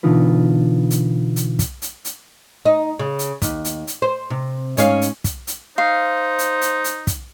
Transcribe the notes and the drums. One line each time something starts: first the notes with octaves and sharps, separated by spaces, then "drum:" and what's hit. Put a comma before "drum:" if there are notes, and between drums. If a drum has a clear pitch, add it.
B2 D3 E3 D#4 F4 B4
drum: hi-hat
drum: hi-hat
drum: kick, hi-hat
drum: hi-hat
drum: hi-hat
D#4
C#3
drum: hi-hat
D#2, drum: kick, hi-hat
drum: hi-hat
drum: hi-hat
C5
C3
G#2 C#4 F5, drum: hi-hat
drum: hi-hat
drum: kick, hi-hat
drum: hi-hat
D#4 C5 F5
drum: hi-hat
drum: hi-hat
drum: hi-hat
drum: kick, hi-hat